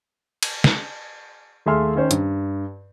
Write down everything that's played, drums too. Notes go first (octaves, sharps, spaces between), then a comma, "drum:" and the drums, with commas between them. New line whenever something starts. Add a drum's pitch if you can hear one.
drum: cymbal
drum: snare
D#2 A3 G#4 E5 C6 F6
D#3 C#4 C5 C#5
G2, drum: hi-hat